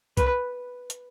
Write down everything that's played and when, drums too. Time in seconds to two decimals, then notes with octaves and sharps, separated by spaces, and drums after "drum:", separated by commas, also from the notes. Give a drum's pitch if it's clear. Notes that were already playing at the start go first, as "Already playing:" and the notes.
0.17 B4, drum: kick, hi-hat
0.90 drum: hi-hat